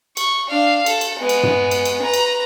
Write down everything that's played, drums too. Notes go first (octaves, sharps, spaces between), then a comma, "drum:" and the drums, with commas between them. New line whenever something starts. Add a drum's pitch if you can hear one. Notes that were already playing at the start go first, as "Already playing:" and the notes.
C#6, drum: cymbal
D4 F5
A4, drum: cymbal
drum: cymbal
G#3 B3
drum: cymbal
drum: tom G2
drum: cymbal
drum: cymbal
B4 A#5
drum: cymbal